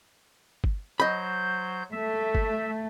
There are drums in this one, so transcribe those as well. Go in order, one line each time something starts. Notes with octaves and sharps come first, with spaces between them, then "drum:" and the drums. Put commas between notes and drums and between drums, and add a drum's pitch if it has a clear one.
drum: kick G1
F#3 C5 D#5 B5 G6
A3 E5
drum: kick G1